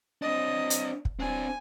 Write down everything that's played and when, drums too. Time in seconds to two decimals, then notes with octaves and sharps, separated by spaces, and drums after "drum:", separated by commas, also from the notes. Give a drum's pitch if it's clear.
0.22 C4 D4 D#5
0.70 drum: hi-hat
1.05 drum: kick
1.20 C4 D4 G#5